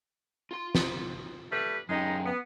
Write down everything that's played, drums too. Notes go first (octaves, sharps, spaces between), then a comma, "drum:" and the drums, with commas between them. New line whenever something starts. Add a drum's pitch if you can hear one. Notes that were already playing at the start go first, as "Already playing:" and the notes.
F4 C6
drum: snare
G3 A3 B4
F#2 G#3 D#4 G4
B3